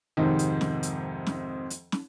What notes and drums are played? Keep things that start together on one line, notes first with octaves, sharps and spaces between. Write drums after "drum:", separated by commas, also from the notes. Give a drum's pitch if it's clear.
F2 G#2 C3 D#3
drum: hi-hat
drum: snare
drum: hi-hat
drum: snare
drum: hi-hat
drum: snare